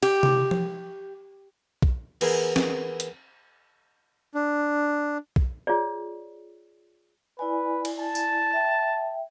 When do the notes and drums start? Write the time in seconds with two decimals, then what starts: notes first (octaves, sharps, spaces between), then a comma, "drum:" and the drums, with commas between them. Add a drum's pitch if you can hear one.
0.03 G4, drum: cymbal
0.23 drum: tom C3
0.51 drum: tom F3
1.82 drum: kick B1
2.21 E3 B3 E4 G#4 A#4, drum: cymbal
2.56 drum: snare
3.00 drum: hi-hat
4.35 D4
5.36 drum: kick B1
5.67 F4 G#4 C#5 D5
7.39 E4 B4 D5 G#5
7.85 drum: cymbal
8.01 A5
8.15 drum: tambourine
8.53 E5 G5